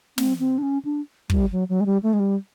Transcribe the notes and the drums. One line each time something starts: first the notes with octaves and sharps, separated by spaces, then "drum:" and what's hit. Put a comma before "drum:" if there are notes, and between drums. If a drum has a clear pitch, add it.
C4, drum: snare
C4
D4
C#4
D4
G3, drum: kick
F#3
F#3
G#3
G3
A3
G#3
G3